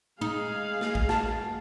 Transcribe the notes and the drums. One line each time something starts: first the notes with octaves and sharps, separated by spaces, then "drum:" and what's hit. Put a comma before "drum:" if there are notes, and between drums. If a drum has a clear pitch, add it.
G#3 D#4 G#4 F5
drum: snare
drum: kick A1
A5, drum: snare